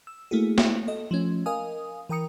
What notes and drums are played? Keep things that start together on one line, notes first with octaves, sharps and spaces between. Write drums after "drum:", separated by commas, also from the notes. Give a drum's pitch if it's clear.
E6
A3 A#3 E4 F#4 G#4
drum: snare
A4 D#5
F3 A3 C#4
A#4 D#5 F5 G#5 D#6
E3 A#4 G5 A#5 D#6 C#7